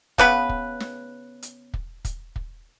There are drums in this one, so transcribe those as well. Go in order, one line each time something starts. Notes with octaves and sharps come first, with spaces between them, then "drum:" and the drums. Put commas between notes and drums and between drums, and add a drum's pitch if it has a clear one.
C#3 B3 B4, drum: kick, hi-hat
drum: kick
drum: snare
drum: hi-hat
drum: kick
drum: kick, hi-hat
drum: kick